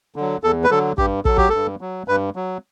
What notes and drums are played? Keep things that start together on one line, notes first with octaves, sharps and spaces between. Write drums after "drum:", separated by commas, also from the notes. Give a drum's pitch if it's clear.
D3 F#3
E2 A4
B4
D3 F#3 A4
G2 G4, drum: kick
F#3 A4, drum: kick
G4, drum: kick
G2 A4
F#3
G2 B4
F#3